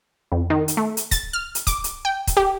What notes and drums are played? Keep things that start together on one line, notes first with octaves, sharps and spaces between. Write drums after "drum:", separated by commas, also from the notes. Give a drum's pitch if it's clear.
F2
D#3
drum: hi-hat
A3
drum: hi-hat
A6, drum: kick, hi-hat
F6
drum: hi-hat
D6, drum: kick, hi-hat
drum: hi-hat
G5
drum: kick, hi-hat
G4